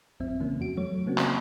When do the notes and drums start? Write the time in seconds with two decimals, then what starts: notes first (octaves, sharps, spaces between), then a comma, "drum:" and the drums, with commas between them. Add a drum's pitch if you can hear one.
0.20 A1 F2 C4 E5
0.40 C#3 E3 A#3 C#4
0.60 F2 F#4 D7
0.77 F#3 A3 C#5
1.06 C#3 A#3 C4 C#4 F#4
1.18 drum: clap